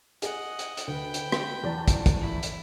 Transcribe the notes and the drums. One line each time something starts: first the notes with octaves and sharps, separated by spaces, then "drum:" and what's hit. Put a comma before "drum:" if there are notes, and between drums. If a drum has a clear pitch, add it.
G#4 D#5 F#5, drum: hi-hat
drum: hi-hat
drum: hi-hat
D2 B4 G5
drum: hi-hat
drum: rim click
E2 D5 A5
drum: kick, hi-hat
drum: kick, hi-hat
E4
drum: hi-hat